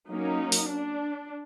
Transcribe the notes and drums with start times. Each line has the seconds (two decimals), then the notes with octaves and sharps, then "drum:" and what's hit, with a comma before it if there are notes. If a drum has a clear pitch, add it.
0.11 F#3 A#3 C#4 D#4
0.52 drum: open hi-hat
0.71 D4